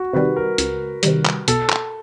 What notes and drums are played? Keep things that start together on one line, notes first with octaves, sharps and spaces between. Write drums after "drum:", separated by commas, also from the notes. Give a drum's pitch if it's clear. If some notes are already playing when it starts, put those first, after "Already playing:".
Already playing: F#4
C3 D#3 G3 B4
A#4
C#2, drum: hi-hat
C3 D#3 G3, drum: hi-hat
drum: clap
B2 A4, drum: hi-hat
drum: clap